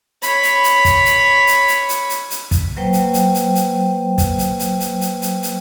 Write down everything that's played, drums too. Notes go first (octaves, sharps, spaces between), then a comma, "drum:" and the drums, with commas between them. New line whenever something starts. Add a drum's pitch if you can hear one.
C#5 B5, drum: hi-hat
drum: hi-hat
drum: hi-hat
drum: kick, hi-hat
drum: hi-hat
drum: hi-hat
drum: hi-hat
drum: hi-hat
drum: hi-hat
drum: hi-hat
drum: kick, hi-hat
F#3 A#3 B4 C5 G5
drum: hi-hat
drum: hi-hat
drum: hi-hat
drum: hi-hat
drum: kick, hi-hat
drum: hi-hat
drum: hi-hat
drum: hi-hat
drum: hi-hat
drum: hi-hat
drum: hi-hat